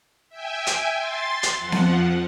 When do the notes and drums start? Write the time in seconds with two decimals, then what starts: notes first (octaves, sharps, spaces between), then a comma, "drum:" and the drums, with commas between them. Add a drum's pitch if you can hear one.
0.30 E5 G5 G#5
0.67 drum: hi-hat
0.97 C6 A6
1.43 drum: hi-hat
1.57 F2 F3 F#5
1.72 drum: snare B3